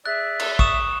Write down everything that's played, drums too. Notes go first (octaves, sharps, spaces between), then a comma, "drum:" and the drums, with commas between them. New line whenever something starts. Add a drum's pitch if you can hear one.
G#4 D5 E5 F#6
drum: cymbal
C#6 D#6 E7, drum: kick